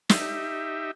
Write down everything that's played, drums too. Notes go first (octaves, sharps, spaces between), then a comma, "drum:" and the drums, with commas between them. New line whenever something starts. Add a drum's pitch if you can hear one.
D#4 G4 E5, drum: snare